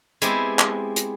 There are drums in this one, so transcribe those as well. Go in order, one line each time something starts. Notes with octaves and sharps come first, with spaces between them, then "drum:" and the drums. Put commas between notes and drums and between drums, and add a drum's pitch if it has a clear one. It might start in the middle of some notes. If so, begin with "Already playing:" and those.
G#3 B3 C4 E4 G4 C5, drum: hi-hat
drum: clap
drum: hi-hat